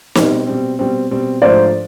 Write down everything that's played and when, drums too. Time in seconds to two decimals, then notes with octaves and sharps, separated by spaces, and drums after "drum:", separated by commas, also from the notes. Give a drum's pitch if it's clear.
0.15 B2 G3 C4, drum: snare
0.47 B2 G3 C4
0.79 B2 G3 C4
1.11 B2 G3 C4
1.42 G#2 F3 A3 D4 F4 C5 D5